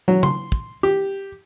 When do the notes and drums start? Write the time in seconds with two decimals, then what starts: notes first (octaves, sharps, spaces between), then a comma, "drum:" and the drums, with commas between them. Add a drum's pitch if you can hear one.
0.08 F#3
0.23 C6, drum: tom
0.52 drum: kick
0.83 G4